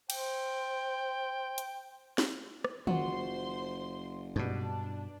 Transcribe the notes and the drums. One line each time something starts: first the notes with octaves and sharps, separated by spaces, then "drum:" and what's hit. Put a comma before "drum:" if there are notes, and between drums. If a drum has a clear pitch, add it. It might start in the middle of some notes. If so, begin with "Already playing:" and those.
C5 G5, drum: cymbal
drum: hi-hat
drum: snare
drum: rim click
F#1 F4 F#4 C5 C6, drum: tom
G2 B2 D4